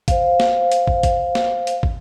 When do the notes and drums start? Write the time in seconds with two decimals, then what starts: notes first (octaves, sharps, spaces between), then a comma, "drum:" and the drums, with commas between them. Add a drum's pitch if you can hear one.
0.08 C5 F5, drum: kick, hi-hat
0.40 drum: snare
0.72 drum: hi-hat
0.87 drum: kick
1.03 drum: kick, hi-hat
1.35 drum: snare
1.67 drum: hi-hat
1.83 drum: kick